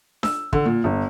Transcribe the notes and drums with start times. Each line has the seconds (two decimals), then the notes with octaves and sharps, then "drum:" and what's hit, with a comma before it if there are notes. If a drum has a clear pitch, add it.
0.23 E6, drum: snare D4
0.53 D3, drum: kick
0.66 A#2
0.84 G1